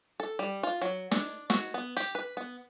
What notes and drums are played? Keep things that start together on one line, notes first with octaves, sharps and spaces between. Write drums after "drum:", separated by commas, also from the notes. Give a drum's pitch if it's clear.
A4
G3
F4
F#3
D4, drum: snare
F#4, drum: snare
B3
G4, drum: hi-hat
B4
B3